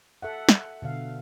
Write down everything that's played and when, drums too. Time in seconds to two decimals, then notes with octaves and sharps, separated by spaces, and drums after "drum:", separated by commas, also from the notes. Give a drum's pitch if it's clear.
0.22 A4 E5 F#5
0.49 drum: snare
0.82 B2 D3 F5